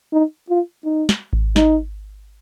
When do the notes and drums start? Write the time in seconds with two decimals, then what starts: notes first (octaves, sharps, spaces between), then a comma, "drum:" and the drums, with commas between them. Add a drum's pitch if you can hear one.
0.13 D#4
0.50 F4
0.85 D#4
1.09 drum: snare
1.33 drum: kick G#1
1.56 D#4, drum: snare